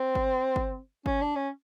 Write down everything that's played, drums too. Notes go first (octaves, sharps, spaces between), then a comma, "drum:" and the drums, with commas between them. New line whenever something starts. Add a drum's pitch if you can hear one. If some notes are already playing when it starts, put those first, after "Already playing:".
Already playing: C4
drum: kick G1
drum: kick G1
C#4, drum: kick G1
D4
C#4